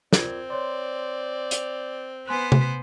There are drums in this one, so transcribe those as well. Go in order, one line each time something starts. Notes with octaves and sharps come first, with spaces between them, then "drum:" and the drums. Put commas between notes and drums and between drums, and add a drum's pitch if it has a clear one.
C4 F4 A#4 D5 G#6, drum: snare
C#5 D5 C6
F7, drum: hi-hat
B3 B4 C5 G#5 C6 F#6
drum: tom C3